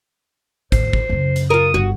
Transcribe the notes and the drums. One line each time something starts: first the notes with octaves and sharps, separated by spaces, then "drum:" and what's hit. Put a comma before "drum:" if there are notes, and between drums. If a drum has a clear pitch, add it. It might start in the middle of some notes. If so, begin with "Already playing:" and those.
A1 D#2 C5, drum: kick, hi-hat
drum: kick
F#2 C#3
drum: hi-hat
F4 A#4 D#6
G1 F#4